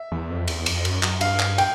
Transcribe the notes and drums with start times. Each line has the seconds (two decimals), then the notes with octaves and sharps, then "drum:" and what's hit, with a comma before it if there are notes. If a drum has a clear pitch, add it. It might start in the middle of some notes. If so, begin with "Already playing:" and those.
Already playing: E5
0.12 E2
0.30 F2
0.48 E2, drum: cymbal
0.66 F2, drum: cymbal
0.85 F#2, drum: cymbal
1.03 F#2, drum: clap
1.21 G2 F5, drum: cymbal
1.39 drum: clap
1.58 G5, drum: cymbal